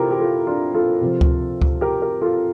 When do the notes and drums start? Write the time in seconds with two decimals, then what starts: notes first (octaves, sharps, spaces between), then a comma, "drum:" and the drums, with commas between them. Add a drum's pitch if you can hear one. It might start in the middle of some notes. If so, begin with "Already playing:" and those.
Already playing: C3 E4 F4 G4 A4 A#4
0.11 G4
0.20 F4 A4
0.47 D4 F4
0.75 F4 A4
1.01 C3 F3
1.21 drum: kick C#2
1.62 drum: kick C#2
1.81 G4 A#4
2.02 G4 A#4
2.21 F4 A4